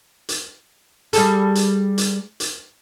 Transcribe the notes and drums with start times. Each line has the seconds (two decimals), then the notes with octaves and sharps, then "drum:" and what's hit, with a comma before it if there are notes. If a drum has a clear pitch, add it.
0.29 drum: hi-hat
1.13 G3 G#4 A4, drum: hi-hat
1.55 drum: hi-hat
1.98 drum: hi-hat
2.40 drum: hi-hat